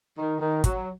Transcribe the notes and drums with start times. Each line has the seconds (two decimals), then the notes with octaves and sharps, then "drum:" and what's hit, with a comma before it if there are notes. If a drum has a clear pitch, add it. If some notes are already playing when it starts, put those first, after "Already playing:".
0.18 D#3
0.40 D#3
0.64 F#3, drum: kick, hi-hat